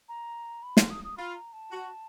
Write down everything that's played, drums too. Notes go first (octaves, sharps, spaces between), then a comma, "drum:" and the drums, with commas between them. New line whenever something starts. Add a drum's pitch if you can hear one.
A#5
B5
C6, drum: snare
D#6
D#6
F4 B5
A#5
A5
F#4